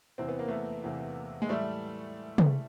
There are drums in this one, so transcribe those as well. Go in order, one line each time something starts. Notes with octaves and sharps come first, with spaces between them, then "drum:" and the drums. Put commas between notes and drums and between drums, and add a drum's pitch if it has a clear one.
E2 C3 E3 C4
B3
A#3
A3 B3
E2 C3 E3
G#3
A2 E3 G3 A3
drum: tom